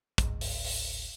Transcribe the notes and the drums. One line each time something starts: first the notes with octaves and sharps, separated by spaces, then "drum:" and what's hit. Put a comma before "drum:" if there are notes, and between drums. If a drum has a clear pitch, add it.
G1 C#2 G#2, drum: kick, hi-hat
drum: open hi-hat
drum: open hi-hat